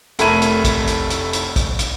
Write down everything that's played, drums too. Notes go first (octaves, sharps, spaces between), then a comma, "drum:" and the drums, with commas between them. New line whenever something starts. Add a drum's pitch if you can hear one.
F1 A3 A#4 B5 G#6 D#7, drum: hi-hat
drum: hi-hat
drum: kick A#1, hi-hat
drum: hi-hat
drum: hi-hat
drum: hi-hat
drum: kick A#1, hi-hat
drum: hi-hat